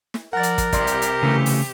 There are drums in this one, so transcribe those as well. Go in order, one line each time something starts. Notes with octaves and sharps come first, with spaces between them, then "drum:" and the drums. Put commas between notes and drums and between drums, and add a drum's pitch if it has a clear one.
drum: snare
F3 A#4 D5 F#5 A6
drum: hi-hat
drum: kick, hi-hat
C2 C3 G4 D5 C6, drum: kick, hi-hat
drum: hi-hat
drum: hi-hat
C#3 E3 A3
drum: open hi-hat